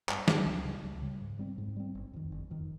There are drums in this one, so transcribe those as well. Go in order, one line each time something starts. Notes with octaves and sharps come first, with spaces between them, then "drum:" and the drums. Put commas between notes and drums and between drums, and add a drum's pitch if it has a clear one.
G2, drum: clap
D#3 G3, drum: snare
C#2
C#3 G3
C#2
C#3 G3
G#2
G3 C4
G#2
G3 C4
G1
F2 D#3
G1
F2 D#3